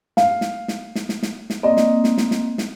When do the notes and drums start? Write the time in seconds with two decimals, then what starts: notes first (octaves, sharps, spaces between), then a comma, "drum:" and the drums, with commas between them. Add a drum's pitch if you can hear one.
0.17 F5, drum: snare
0.41 drum: snare
0.68 drum: snare
0.95 drum: snare
1.09 drum: snare
1.23 drum: snare
1.50 drum: snare
1.63 A#3 C4 D5 D#5
1.77 drum: snare
2.04 drum: snare
2.18 drum: snare
2.31 drum: snare
2.58 drum: snare